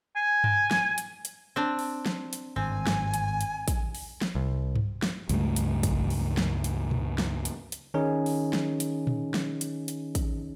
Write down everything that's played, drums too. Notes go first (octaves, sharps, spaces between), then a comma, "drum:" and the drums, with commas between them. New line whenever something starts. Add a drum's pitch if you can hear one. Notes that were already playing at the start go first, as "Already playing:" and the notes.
G#5
drum: tom G2
drum: snare
drum: hi-hat
drum: hi-hat
C4 D4
drum: open hi-hat
drum: snare
drum: hi-hat
G#1 G2 C4 G#5
drum: snare
drum: hi-hat
drum: hi-hat
drum: kick A1, hi-hat
drum: open hi-hat
drum: snare
C2
drum: tom G2
drum: snare
C#2 G2 A3, drum: hi-hat
drum: hi-hat
drum: kick A1, hi-hat
drum: open hi-hat
drum: snare
drum: hi-hat
drum: tom A#2
drum: snare
drum: hi-hat
drum: hi-hat
D#3 C#4 D#4 G#4
drum: open hi-hat
drum: snare
drum: hi-hat
drum: tom A#2
drum: snare
drum: hi-hat
drum: hi-hat
drum: kick A1, hi-hat